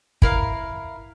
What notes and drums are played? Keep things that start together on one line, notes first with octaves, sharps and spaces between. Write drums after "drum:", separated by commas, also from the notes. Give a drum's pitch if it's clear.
E4 A#4 F5, drum: kick